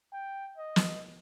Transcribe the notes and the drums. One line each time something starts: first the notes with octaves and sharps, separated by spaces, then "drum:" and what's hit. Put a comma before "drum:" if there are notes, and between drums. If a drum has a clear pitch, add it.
G5
D#5
drum: snare